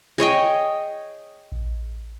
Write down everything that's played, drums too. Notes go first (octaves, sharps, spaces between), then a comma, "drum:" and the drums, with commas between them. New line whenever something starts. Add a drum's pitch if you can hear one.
G#4 C#5 D#5 G5
drum: kick A#1